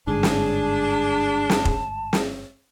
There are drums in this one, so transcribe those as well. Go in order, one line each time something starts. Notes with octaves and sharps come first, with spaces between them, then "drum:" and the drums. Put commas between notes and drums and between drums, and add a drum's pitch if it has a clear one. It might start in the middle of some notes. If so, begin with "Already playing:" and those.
G1 G#2 D4 G#4 A5
drum: snare
drum: snare
drum: kick F1
drum: snare